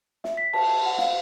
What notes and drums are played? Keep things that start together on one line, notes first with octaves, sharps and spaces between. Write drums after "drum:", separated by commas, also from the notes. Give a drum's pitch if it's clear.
E5, drum: snare
B6
A5, drum: cymbal
F#5
F5, drum: snare